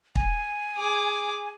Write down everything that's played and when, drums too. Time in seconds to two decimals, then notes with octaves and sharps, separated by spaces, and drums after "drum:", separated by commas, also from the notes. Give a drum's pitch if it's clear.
0.15 G#5, drum: kick
0.76 G#4 D6